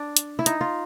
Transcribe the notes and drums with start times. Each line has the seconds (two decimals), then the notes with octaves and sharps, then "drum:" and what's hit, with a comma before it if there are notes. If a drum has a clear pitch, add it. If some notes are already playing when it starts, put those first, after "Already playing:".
Already playing: D4
0.17 drum: hi-hat
0.39 E4
0.46 D#4, drum: hi-hat
0.61 F4